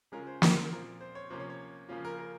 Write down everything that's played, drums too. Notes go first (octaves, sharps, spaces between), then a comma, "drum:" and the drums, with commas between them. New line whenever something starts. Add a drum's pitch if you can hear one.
C#3 G#3 C#4 F4 A#4
C5
C5, drum: snare
A#4
A#2 F3 C4 F4 A#4
C5
C#5
C3 F3 A#3 C#4 C5
C#5
C#5
C#3 F3 A#3 C#4 F4
A#4
A#4